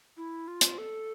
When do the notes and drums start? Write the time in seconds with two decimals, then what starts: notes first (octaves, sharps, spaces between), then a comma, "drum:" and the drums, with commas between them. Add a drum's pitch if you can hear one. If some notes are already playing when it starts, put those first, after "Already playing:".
0.17 E4
0.48 F4
0.61 drum: hi-hat
0.78 A4